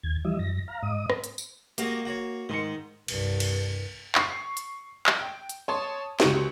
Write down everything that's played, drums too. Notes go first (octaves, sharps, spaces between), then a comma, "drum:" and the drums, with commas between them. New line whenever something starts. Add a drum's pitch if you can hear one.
D#2 G#6
E3 F3 G3 D#5 E5
F#2 A#6
F5 A#5
G#2 D#5 D#6
drum: rim click
drum: hi-hat
drum: tambourine
G#3 A#3 F#4 G4, drum: hi-hat
F#4 C#5
G#2 D#3 C6 C#7
C2 G2, drum: cymbal
drum: cymbal
C#6 C7, drum: clap
drum: hi-hat
drum: clap
G5
drum: hi-hat
C#5 A5 C6 D#6
C#2 F#4 G4 C#6, drum: snare